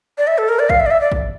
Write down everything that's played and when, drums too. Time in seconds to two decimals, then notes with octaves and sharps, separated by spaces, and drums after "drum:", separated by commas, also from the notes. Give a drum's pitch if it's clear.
0.18 D5
0.27 E5
0.38 A4
0.49 A#4
0.59 D5
0.70 F5, drum: kick
0.80 E5
0.86 D5
0.91 E5
1.01 D5
1.12 drum: kick